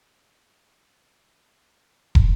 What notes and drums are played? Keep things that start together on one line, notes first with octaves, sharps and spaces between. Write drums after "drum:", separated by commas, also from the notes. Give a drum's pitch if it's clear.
G4 C#5 E5
drum: kick